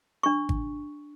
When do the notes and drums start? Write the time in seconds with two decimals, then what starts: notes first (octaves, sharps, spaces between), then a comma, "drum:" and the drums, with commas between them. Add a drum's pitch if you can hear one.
0.23 D4 C#6
0.49 drum: kick G#1